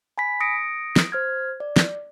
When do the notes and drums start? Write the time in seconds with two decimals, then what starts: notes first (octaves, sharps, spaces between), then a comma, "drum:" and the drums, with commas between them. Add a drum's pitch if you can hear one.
0.18 G#5 B5 B6
0.41 D#6 A#6 C#7 D7
0.96 drum: snare
1.12 C5 F6 G#6
1.60 D5
1.76 drum: snare